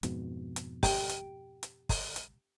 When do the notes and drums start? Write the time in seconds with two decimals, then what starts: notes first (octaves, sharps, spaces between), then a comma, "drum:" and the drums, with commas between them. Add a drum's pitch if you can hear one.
0.03 F2 G#2 B2, drum: hi-hat
0.56 drum: hi-hat
0.83 G4 G5, drum: kick, open hi-hat
1.09 drum: hi-hat
1.63 drum: hi-hat
1.89 drum: kick, open hi-hat
2.16 drum: hi-hat